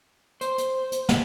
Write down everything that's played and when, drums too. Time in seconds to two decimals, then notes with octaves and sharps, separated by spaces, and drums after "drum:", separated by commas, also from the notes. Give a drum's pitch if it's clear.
0.41 C5, drum: hi-hat
0.58 drum: hi-hat
0.92 drum: hi-hat
1.09 drum: snare